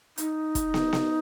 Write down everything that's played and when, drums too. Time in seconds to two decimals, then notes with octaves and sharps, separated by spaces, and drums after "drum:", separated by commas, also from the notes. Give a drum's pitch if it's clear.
0.18 D#4, drum: hi-hat
0.55 drum: kick F1, hi-hat
0.74 drum: snare
0.93 drum: snare